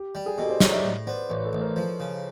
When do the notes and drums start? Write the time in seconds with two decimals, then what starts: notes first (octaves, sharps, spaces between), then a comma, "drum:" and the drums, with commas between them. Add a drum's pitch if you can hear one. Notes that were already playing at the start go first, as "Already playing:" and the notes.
Already playing: G4
0.15 G3
0.26 G#4
0.38 B2 G4 A4
0.49 C5 D5
0.60 D#4 C#5 D#5, drum: snare
0.72 D5 E5
0.84 A2
1.07 B3 C5 D5
1.30 A1 B4 C#5
1.45 A4 B4
1.53 A1
1.60 A#4 C5
1.76 F3
2.00 C#3